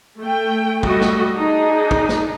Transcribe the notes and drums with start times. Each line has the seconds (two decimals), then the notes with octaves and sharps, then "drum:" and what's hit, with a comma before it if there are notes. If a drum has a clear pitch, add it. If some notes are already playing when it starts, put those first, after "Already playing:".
0.19 A3 G5
0.83 G3 A3 F#4 D#5, drum: kick
1.01 drum: snare
1.34 D4 D#4 G#4
1.91 drum: kick
2.09 drum: snare